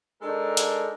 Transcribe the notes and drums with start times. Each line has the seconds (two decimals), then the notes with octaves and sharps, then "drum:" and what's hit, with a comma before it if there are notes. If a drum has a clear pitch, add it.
0.22 G#3 D4 D#4 A4 A#4
0.57 drum: hi-hat